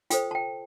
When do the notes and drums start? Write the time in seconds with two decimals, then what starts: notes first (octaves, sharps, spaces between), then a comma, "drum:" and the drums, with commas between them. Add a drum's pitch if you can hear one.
0.10 F4 A4 C5 G5, drum: hi-hat
0.31 A5
0.35 G5